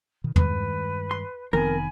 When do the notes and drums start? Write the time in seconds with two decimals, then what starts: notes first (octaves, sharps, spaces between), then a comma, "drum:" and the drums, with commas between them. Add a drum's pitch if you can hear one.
0.24 B2 D#3
0.36 G2 D#3 G#3 B4, drum: tom E2
1.11 C6
1.53 F1 F2 D#3 B3 A#4 G#5 B5